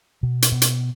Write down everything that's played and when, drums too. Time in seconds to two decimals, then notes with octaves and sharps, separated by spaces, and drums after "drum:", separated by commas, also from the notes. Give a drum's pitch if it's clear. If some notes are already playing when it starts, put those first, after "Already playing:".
0.23 B2
0.42 drum: hi-hat
0.52 B2
0.62 drum: hi-hat